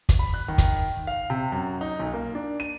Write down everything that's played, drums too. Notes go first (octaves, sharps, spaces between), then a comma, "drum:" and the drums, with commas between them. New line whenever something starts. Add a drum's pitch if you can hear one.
drum: kick, hi-hat
B5
F#6
D#3
drum: kick, hi-hat
F5
C3
F#2
D#4
B1
A#3
D4
D#7